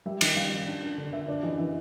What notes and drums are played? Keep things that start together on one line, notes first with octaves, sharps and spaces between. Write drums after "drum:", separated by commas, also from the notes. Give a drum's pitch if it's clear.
G3 E5
D#3 D#5, drum: cymbal
G3 F5
D#3
D4
D4
D3
D3 E5
D4 D5
E3 D#5
E3 E5